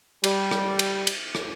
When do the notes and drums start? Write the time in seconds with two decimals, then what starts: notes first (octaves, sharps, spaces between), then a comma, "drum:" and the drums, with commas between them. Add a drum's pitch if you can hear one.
0.24 G3, drum: cymbal
0.51 drum: rim click
0.79 drum: cymbal
1.07 drum: cymbal
1.35 drum: rim click